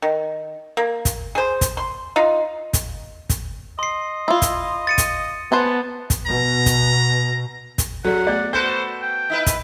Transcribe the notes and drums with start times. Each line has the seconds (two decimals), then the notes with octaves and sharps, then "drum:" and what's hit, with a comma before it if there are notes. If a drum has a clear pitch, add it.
0.02 D#3
0.77 A#3
1.05 drum: kick, hi-hat
1.35 G#4 C5
1.61 drum: kick, hi-hat
1.77 C6
2.16 D#4 F4
2.73 drum: kick, hi-hat
3.30 drum: kick, hi-hat
3.79 D#5 C6 C7
4.28 E4 F4
4.42 drum: kick, hi-hat
4.87 A6 C#7 D#7
4.98 drum: kick, hi-hat
5.52 B3 C5 F#5 G#5 A5
6.10 drum: kick, hi-hat
6.27 B2 A#5
6.66 drum: kick, hi-hat
7.78 drum: kick, hi-hat
8.04 C3 F#3 A4 D5 F#5
8.27 A3 B3 G#4 D5
8.53 F#4 A4 B4 C5 G6
9.02 G5
9.30 D#4 E4 B4
9.46 drum: kick, hi-hat